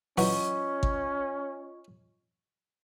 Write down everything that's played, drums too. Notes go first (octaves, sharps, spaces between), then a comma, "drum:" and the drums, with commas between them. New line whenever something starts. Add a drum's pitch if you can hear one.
E3 F#3 C#4 F4 F#4 D#5 C#6, drum: open hi-hat
drum: kick G#1